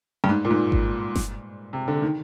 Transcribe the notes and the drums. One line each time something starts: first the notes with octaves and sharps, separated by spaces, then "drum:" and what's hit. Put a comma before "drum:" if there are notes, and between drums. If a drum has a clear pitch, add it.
G2
G#2
A#2
G#2
drum: kick G#1
drum: snare F#1
C3
D3
D#3